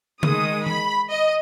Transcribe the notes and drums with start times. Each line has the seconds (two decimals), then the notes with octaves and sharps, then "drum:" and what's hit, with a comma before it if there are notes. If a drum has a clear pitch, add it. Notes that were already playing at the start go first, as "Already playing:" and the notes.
0.23 D#3 G#3 D#6, drum: tom C#3
0.67 B5, drum: tom E3
1.11 D#5